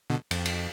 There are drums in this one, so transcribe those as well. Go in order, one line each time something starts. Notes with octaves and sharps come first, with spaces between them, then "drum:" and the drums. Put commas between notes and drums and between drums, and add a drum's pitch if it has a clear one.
B2 D3
F2, drum: cymbal
drum: cymbal